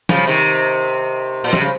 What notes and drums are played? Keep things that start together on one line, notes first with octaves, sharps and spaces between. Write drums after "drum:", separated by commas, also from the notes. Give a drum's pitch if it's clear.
C#3 F3, drum: snare
C3 D#3
A#2
C3, drum: snare
C#3